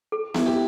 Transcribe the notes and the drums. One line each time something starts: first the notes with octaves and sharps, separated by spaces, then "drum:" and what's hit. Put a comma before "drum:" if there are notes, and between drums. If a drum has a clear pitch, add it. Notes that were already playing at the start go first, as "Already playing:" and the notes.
A4
E4, drum: snare B3
G4